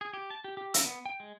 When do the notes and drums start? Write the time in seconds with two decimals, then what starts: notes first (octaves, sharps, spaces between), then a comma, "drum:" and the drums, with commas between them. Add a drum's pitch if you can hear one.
0.01 G#4
0.13 G4
0.30 A5
0.44 G4
0.57 G4
0.74 E6, drum: hi-hat
0.86 B3
1.06 G5
1.20 G#3